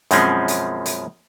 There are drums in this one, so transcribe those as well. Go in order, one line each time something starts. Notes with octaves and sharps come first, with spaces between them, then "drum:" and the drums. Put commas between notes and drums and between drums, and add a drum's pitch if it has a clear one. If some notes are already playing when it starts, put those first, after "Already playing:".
F#2 B2 F3 G#3 C4 C#4, drum: hi-hat
drum: hi-hat
drum: hi-hat